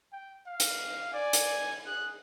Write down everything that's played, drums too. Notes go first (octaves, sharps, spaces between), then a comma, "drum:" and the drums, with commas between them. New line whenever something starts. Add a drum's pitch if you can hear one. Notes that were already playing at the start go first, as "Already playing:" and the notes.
G5
F5
drum: hi-hat
D5 G#5
drum: hi-hat
G#4 F#6